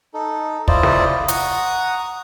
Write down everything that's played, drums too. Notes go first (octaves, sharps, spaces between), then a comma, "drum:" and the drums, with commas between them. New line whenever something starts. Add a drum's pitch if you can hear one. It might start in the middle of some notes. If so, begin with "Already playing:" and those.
D#4 A4
E4 F4 C5 D5 D#5, drum: kick
drum: snare
F#5 A#5 C#6 D#6, drum: hi-hat